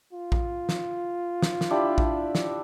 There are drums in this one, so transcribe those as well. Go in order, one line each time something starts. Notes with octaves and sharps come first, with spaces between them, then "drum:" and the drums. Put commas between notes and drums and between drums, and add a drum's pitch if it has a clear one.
F4
drum: kick A#1
drum: snare
drum: snare
drum: snare
D4 E4 G4
drum: kick A#1
drum: snare